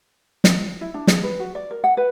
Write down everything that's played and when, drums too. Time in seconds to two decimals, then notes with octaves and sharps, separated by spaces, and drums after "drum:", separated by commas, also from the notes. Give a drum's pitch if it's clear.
0.44 drum: snare
0.81 E4
0.94 D4
1.07 G#4, drum: snare
1.23 B4
1.40 F#4
1.55 D5
1.71 A#4
1.84 F#5
1.97 B4